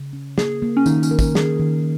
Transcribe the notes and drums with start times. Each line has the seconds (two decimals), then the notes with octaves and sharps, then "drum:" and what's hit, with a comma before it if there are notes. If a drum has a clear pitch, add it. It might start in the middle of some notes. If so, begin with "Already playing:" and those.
Already playing: C#3
0.13 C#4
0.38 A#3 G#4, drum: snare
0.62 A#3
0.77 C#4
0.86 D#3 D#4, drum: tambourine
1.03 C#4, drum: tambourine
1.11 A#4
1.19 C#4, drum: kick, tambourine
1.35 D#3 G#4, drum: snare
1.60 D#3